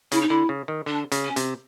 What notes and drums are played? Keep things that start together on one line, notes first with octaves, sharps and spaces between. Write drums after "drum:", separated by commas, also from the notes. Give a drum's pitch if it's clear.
C#3 E4, drum: hi-hat
D#4
D3 E4
C#3
D#3
D3 D4
C#3, drum: hi-hat
C#4
C3, drum: hi-hat